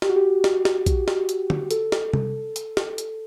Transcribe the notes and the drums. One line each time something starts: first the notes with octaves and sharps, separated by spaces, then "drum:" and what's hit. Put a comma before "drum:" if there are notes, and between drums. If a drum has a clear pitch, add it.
G4, drum: snare
F#4
G4
drum: snare
drum: snare
drum: kick A#1, hi-hat
drum: snare
drum: hi-hat
drum: tom
A4, drum: hi-hat
drum: snare
drum: tom C3
drum: hi-hat
drum: snare
drum: hi-hat